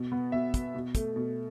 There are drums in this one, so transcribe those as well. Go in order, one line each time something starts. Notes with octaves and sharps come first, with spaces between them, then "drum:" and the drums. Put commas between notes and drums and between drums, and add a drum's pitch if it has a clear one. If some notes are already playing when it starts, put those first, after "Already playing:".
Already playing: B2
B3
B2 E5
B3, drum: kick, hi-hat
B2
A3, drum: kick, hi-hat
B2